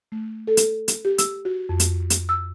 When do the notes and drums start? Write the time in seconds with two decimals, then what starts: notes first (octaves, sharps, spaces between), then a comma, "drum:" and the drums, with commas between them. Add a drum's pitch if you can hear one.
0.12 A3
0.47 A4
0.57 drum: hi-hat
0.88 drum: hi-hat
1.05 G4
1.18 E6, drum: hi-hat
1.45 F#4
1.69 F2
1.80 drum: hi-hat
2.10 drum: hi-hat
2.29 E6